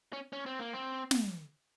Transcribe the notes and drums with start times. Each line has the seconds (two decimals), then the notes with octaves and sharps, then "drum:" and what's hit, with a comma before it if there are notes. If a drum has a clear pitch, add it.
0.13 C#4
0.33 C#4
0.46 C4
0.59 A#3
0.73 C4
1.11 drum: snare